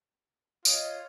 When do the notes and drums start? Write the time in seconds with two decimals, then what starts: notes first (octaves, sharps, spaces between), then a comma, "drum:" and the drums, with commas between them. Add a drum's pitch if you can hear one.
0.65 F4 C#5 D#5, drum: tambourine